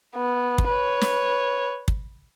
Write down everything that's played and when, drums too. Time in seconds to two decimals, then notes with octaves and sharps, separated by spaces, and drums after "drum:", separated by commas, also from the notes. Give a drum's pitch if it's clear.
0.15 B3
0.58 drum: kick
0.68 B4 C#5
1.01 drum: snare
1.88 drum: kick